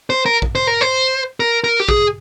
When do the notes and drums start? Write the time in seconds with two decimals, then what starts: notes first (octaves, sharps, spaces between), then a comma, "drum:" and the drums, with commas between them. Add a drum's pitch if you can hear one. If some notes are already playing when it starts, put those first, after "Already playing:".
0.10 C5
0.26 A#4
0.42 drum: kick A#1
0.55 C5
0.67 A#4
0.81 C5
1.40 A#4
1.64 A#4
1.80 G4
1.89 G#4, drum: kick A#1